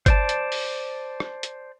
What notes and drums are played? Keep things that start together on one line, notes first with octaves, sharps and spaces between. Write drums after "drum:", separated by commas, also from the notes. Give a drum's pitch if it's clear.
C5 D5 A5, drum: kick G1, hi-hat
drum: hi-hat
drum: open hi-hat
drum: rim click
drum: hi-hat